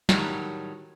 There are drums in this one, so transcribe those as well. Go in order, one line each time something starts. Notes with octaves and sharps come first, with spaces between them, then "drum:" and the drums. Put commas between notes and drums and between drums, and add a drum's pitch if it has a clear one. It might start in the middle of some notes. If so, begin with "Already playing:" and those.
A2 D#3 F#3 G3, drum: snare